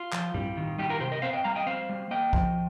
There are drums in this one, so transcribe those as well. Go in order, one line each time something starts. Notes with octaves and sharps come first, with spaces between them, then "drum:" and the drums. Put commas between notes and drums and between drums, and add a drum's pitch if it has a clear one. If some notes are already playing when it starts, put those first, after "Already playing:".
Already playing: F4
F3, drum: clap
G3, drum: tom A2
D#3
G3 D#4 G4
F4 A#4
C3 G4 C5
A#4 D#5
C4 C5 F5
D#5 G5
G3 F5 A#5
D#5 G5
C4 C5 F5
G3
A#3 D#5 G5
F3, drum: kick